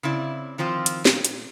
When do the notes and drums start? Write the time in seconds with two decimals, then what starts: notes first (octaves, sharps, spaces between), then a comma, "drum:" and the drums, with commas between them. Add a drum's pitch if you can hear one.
0.03 C#3 C4 E4 D5
0.58 D#3 F3 C4 F4
0.86 drum: hi-hat
1.05 A#2, drum: snare
1.25 drum: hi-hat